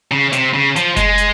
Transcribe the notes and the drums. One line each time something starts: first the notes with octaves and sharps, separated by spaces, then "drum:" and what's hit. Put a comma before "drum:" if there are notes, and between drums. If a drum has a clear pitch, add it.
C#3
C3, drum: hi-hat
C#3
F3, drum: hi-hat
G#3, drum: kick F#1, hi-hat
drum: hi-hat